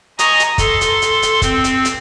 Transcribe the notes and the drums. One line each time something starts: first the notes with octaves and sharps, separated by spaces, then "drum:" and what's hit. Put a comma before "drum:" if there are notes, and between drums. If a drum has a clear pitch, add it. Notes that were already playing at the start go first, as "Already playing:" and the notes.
D#5 G#5 A#5 C#6 D#6, drum: hi-hat
drum: hi-hat
A4 C6, drum: kick, hi-hat
drum: hi-hat
drum: hi-hat
drum: hi-hat
C4, drum: kick, hi-hat
drum: hi-hat
drum: hi-hat